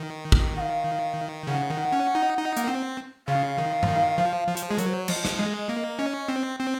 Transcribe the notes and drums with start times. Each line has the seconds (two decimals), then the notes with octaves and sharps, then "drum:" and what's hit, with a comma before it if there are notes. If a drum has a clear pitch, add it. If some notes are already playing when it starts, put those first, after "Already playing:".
Already playing: D#3
0.32 drum: kick
0.57 F#5
0.60 F5
1.47 C#3 F#5
1.70 D#3
1.92 C#4
2.15 D#4
2.38 D#4
2.57 A#3, drum: hi-hat
2.68 C4
3.28 C#3 F5
3.58 D#3
3.83 F3, drum: tom G2
3.88 D#3
4.18 F3
4.48 F3
4.57 drum: hi-hat
4.69 G#3 G#4
4.79 F#3 A#4, drum: hi-hat
4.89 C5
4.99 C#5
5.08 F3 D#5, drum: cymbal
5.25 drum: snare
5.39 G#3
5.69 A#3
5.99 C#4
6.28 C4
6.59 C4